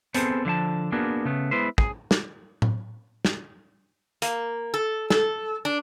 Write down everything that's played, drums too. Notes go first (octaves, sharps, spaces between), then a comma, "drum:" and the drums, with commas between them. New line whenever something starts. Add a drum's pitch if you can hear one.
B3 C4 G#4 A4 C5, drum: hi-hat
D3 F3 F5 A5
A#3 B3 D4 F#4 G#4
C#3 A3 B3
G#3 B3 E4 B4 C5
G#4, drum: kick
drum: snare
drum: tom A2
drum: snare
A#3, drum: hi-hat
A4
A4, drum: snare
D4